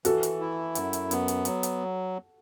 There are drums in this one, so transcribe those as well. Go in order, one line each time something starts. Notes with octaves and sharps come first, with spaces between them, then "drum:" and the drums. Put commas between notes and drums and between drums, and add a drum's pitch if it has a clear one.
E3 F#4 A4, drum: hi-hat
drum: hi-hat
E4
F#2, drum: hi-hat
drum: hi-hat
B3, drum: hi-hat
drum: hi-hat
F#3, drum: hi-hat
drum: hi-hat